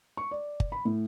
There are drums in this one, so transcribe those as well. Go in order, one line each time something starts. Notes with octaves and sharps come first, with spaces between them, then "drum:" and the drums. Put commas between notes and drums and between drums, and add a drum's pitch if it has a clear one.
C#6
D5
drum: kick G1
B5
A2